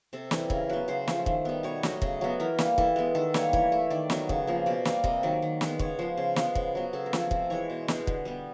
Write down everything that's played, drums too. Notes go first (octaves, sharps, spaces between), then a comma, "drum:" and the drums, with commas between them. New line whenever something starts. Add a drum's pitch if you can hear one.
C3 A4
E3 G3 A4, drum: snare
C#3 A#4, drum: kick
F#3 B3 B4
C#3 C5
F3 A3, drum: snare
D#3, drum: kick
G3 B3
B2 C#5
F#3 A3 D#5, drum: snare
C#3 D#5, drum: kick
F#3 B3
E3 A#4
G3 A#3, drum: snare
E3 A4, drum: kick
G#3 B3
D#3 A4
G3 A#3 C#5, drum: snare
E3 C#5, drum: kick
A3
D#3 D5
F#3 B3, drum: snare
C#3, drum: kick
F3 A#3
B2 D5
G3 A#3 D5, drum: snare
C3 D#5, drum: kick
D#3 F#3 D5
D#3
G#3 B3, drum: snare
C#3 C#5, drum: kick
F3 G#3 C5
C#3
F3 G#3 B3, drum: snare
C#3, drum: kick
F#3 B3
C#3 A4
A#4
F3 A3, drum: snare
A4
C3, drum: kick
E3 G#3 C#5
B2
G#3 B3, drum: snare
D3, drum: kick
G3 B3